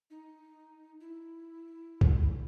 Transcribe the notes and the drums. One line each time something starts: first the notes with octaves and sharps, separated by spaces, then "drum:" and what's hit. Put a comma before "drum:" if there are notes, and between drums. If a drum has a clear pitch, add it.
D#4
E4
drum: kick